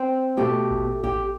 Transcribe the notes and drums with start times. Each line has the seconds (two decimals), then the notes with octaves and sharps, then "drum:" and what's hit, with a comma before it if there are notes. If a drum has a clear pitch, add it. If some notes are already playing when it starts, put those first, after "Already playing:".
Already playing: C4
0.37 B2 A3 G4
0.71 drum: kick A1
1.04 G4, drum: kick A1